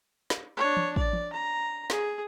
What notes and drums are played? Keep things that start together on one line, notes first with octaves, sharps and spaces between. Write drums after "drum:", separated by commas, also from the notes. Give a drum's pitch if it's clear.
drum: snare
D4 C#5
drum: tom E3
D5, drum: kick
drum: tom E3
A#5
G#4, drum: snare